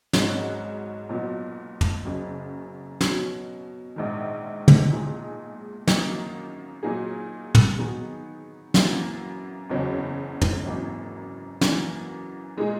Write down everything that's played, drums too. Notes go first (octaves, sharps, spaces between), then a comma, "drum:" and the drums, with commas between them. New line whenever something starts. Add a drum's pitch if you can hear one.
G#1 G#2 F#3 C#4 F#4, drum: snare
B1 A#2 F#3 B3
drum: tom
F#1 F#2 C#3
B2 F#3 C#4, drum: snare
A#1 G#2 D#3
drum: tom
B1 A#2 G#3 D#4 G#4
F#2 D#3 F#3 A#3 D#4, drum: snare
A#2 F#3 A#3 D#4 G#4
drum: tom
D#3 F#3 B3 D#4 G#4
F#2 E3 A#3 E4, drum: snare
F#1 E2 C#3 F#3 C#4
drum: tom
G#1 F#2 E3 A#3
F#2 E3 A#3, drum: snare
A#2 G#3 D#4 G#4